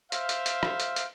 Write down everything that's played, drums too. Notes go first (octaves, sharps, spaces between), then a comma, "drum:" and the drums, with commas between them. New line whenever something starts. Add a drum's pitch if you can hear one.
C5 E5 F5, drum: hi-hat
drum: hi-hat
drum: hi-hat
drum: rim click
drum: hi-hat
drum: hi-hat